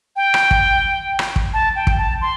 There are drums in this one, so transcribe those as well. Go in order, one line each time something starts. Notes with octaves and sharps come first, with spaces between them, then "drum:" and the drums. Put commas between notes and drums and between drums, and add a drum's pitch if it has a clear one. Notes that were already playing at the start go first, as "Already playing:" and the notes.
G5
drum: rim click
drum: kick
drum: rim click
drum: kick
A5
G5
drum: kick
A5
C6